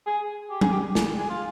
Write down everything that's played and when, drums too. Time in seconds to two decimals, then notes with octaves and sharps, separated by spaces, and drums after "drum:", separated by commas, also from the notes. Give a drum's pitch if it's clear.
0.06 G#4
0.51 G4
0.61 G#4, drum: tom F#3
0.72 G4
0.95 G#4, drum: snare
1.18 G#4
1.30 F4